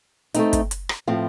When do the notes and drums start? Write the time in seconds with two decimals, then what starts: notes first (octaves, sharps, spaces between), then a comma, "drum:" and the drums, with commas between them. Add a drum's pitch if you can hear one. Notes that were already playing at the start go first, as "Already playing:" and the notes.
0.34 A3 C4 D#4, drum: hi-hat
0.53 drum: kick, hi-hat
0.71 drum: hi-hat
0.89 drum: rim click
1.07 A2 F3 C4